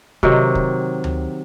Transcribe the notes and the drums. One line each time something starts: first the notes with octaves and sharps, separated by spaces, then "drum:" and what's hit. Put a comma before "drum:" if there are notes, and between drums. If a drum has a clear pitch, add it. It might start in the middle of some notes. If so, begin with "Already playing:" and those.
C3 D#3 F#3, drum: kick
drum: kick
drum: tom D2